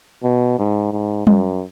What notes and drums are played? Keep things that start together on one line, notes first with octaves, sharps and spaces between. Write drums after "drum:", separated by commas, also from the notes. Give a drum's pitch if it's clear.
B2
G#2
G#2
F#2, drum: tom G3